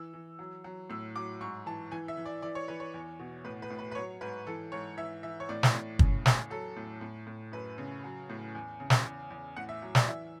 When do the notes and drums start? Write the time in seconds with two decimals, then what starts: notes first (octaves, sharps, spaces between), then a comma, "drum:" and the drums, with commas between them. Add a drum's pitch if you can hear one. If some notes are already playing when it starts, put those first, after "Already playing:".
Already playing: E3 E6
0.14 E3
0.39 F#3
0.64 F#3
0.90 A2 E6
1.16 F#3 D6
1.41 G#2 C#6
1.66 E3 A5
1.91 E3 G#5
2.08 E5
2.17 E3
2.26 D5
2.42 E3 D5
2.55 C#5
2.68 E3 B4
2.80 C#5
2.94 E2
3.19 B2
3.44 A2 B4
3.62 B4
3.70 A2
3.79 B4
3.91 B4
3.95 F#3 C#5
4.21 G#2 B4
4.47 E3 A4
4.72 G#2 C#5
4.97 E3 E5
5.23 E3 E5
5.40 C#5
5.49 A2 D5
5.63 drum: snare
5.74 A2
5.99 C#3, drum: kick
6.26 E2, drum: snare
6.50 F#3 A4
6.76 A2
7.01 A2
7.27 A2
7.52 F#2 B4
7.78 C#3
8.04 F#3
8.30 A2
8.55 E2
8.80 C#3
8.90 drum: snare
9.05 E2
9.31 E2
9.56 A2 F#5
9.69 E5
9.82 F#3
9.95 D5, drum: snare
10.07 E3 E5